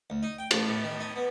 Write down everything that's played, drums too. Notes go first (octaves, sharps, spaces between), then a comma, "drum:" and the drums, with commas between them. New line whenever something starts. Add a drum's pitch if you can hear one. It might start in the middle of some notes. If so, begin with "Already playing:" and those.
D2
D#4
G5
A1, drum: cymbal
A2
D#3
D#4
B3